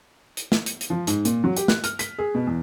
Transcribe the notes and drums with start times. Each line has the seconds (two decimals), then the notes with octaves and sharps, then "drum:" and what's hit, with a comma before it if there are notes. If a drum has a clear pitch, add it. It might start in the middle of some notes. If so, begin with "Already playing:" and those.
0.37 drum: hi-hat
0.52 drum: snare
0.66 drum: hi-hat
0.81 drum: hi-hat
0.90 F3
1.07 G#2, drum: hi-hat
1.25 A#2, drum: hi-hat
1.44 F#3
1.57 G4, drum: hi-hat
1.68 F#6, drum: snare
1.84 F6, drum: hi-hat
1.99 B6, drum: hi-hat
2.18 G#4
2.34 B2
2.47 E2